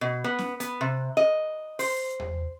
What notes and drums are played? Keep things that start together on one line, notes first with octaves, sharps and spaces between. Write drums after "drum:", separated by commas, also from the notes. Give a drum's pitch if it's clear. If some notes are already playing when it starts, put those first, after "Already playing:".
B2
B3
drum: snare
B3, drum: hi-hat
C3
D#5
C5, drum: open hi-hat
drum: tom E2